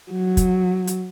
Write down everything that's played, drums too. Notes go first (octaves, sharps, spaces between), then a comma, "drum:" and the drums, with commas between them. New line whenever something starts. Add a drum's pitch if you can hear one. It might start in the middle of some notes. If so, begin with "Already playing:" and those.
F#3
drum: kick, hi-hat
drum: hi-hat